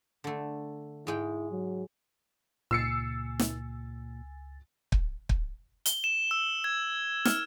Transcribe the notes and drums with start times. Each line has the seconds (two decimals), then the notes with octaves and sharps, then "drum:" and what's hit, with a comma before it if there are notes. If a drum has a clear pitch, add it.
0.24 D3 A3
1.07 G#2 G#3 E4 G5
1.51 F#3
2.71 C#2 A#2 G#5 E6 A6 C7 C#7
3.39 drum: snare
4.92 drum: kick
5.29 drum: kick
5.86 G7, drum: hi-hat
6.04 E7
6.31 E6
6.64 G#6
7.25 F6, drum: snare